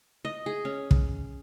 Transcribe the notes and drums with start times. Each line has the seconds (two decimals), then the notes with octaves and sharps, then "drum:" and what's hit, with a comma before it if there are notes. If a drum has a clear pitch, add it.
0.25 D#5
0.46 G#4
0.65 C#4
0.91 drum: kick